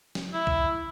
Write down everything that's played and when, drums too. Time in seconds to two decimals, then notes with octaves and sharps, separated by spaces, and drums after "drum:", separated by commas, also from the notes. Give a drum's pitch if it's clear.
0.15 drum: snare
0.33 E4
0.47 drum: kick C2